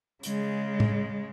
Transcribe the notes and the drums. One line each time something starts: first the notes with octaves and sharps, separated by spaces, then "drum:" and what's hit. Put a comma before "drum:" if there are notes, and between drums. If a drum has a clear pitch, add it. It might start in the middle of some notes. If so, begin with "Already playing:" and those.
C#3 G#3, drum: hi-hat
drum: tom A2